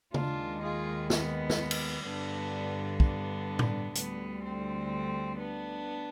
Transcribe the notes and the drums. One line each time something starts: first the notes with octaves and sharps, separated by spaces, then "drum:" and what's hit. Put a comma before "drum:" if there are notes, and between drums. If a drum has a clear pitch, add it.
D#2 D#3 G#3 D4 F4, drum: tom C#3
F4 G#4
B3, drum: snare
drum: snare
drum: cymbal
G2 D3 G3 B3 D4
B3 D4, drum: kick
drum: tom A2
D2 D3 G3 B3, drum: hi-hat
C4
B3 D4